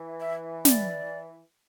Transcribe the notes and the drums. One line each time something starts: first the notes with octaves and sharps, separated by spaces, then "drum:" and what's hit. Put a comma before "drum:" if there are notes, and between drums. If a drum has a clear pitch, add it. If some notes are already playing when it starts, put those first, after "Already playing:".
Already playing: E3
E5
D5, drum: snare